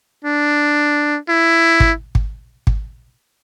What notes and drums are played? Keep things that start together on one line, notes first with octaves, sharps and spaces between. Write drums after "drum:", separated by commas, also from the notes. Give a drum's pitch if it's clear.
D4
E4
drum: kick
drum: kick
drum: kick